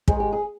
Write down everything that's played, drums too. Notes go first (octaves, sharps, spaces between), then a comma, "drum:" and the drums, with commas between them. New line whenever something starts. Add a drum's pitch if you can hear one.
G#2 D#3 G#3 G#4, drum: kick
G4
G#4